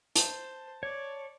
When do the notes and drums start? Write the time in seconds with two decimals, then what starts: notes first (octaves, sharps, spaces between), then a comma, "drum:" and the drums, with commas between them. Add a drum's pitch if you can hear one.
0.16 C5 A5, drum: hi-hat
0.83 C#5 D5